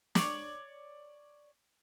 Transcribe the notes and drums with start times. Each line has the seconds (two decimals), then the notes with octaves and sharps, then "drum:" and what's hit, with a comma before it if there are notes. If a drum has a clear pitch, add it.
0.15 C#5 D5, drum: snare